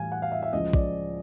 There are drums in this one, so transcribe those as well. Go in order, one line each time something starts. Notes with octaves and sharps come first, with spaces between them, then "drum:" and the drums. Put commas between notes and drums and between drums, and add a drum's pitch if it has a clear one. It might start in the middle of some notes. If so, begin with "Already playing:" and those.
Already playing: A2 E3 G3 F5 G#5
F#5
F5
E5
E5
C#2 C#3 F3 D#5
D5, drum: kick A#1